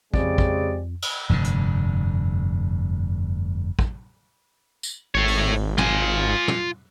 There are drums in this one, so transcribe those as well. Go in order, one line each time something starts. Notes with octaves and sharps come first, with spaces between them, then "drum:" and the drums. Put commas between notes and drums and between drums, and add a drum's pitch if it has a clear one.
F2 C#3 G#3 C4 G4 D5, drum: kick
drum: kick
drum: cymbal
F1 G2 A#2 D3
drum: hi-hat
drum: kick
drum: tambourine
G#1 A3 C#5
drum: open hi-hat
F4 G#5, drum: tom
drum: tom